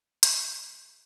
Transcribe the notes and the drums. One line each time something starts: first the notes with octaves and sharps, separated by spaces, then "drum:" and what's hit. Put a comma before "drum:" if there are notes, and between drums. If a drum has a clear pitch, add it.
G#4, drum: hi-hat
A2 F3 G#3 G#4